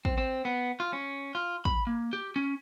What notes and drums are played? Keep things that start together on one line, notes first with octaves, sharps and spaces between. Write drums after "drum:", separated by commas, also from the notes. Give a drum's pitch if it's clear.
C4, drum: kick
C4
B3
F4
C#4
F4
B5, drum: kick
A#3
G4
C#4